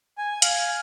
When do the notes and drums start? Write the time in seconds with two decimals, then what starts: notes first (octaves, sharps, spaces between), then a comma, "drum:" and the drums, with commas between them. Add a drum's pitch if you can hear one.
0.18 G#5
0.42 F5, drum: hi-hat